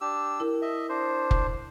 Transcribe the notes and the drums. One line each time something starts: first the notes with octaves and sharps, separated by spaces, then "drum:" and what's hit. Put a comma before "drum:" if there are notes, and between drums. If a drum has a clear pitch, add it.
D4 G4 E6
E4 A#4
D#5 E5
D4 C5
drum: kick